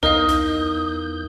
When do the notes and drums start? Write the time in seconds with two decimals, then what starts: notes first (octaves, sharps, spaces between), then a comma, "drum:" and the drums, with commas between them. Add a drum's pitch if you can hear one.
0.03 E2 D#4 A#4 D#5 F5 D#6 G6, drum: tom C2
0.28 drum: snare